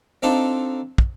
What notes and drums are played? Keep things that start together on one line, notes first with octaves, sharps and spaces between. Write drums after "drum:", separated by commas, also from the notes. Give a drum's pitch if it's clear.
C4 D4 D#4 F4 A4
drum: kick